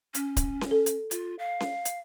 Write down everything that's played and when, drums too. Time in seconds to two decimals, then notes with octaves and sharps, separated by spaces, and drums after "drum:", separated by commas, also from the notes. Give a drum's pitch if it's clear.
0.14 C#4, drum: hi-hat
0.37 drum: kick D1, hi-hat
0.61 drum: snare C#4
0.71 A4
0.86 drum: hi-hat
1.11 F4, drum: hi-hat
1.39 F5
1.60 drum: snare C#4
1.85 drum: hi-hat